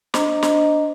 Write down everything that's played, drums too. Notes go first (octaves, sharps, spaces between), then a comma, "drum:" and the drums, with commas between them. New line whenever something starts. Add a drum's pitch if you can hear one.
D4 C5 D#5 A#5, drum: snare
drum: snare